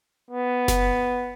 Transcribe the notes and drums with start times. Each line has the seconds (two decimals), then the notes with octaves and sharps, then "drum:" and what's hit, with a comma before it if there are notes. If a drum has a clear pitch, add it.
0.31 B3
0.68 drum: snare F#1